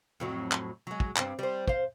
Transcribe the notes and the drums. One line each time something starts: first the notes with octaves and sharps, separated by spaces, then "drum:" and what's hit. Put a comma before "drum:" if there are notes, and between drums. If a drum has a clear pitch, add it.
F2 A2 F#3
drum: clap
F#3 G#3
drum: kick
G2 C4, drum: clap
G3 C5
C5 F5, drum: kick